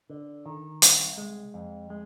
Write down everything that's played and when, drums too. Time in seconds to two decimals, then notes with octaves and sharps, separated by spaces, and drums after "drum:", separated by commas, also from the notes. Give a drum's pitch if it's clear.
0.10 D3
0.46 D#3
0.82 C2, drum: hi-hat
1.18 G#3
1.54 F2
1.90 G#3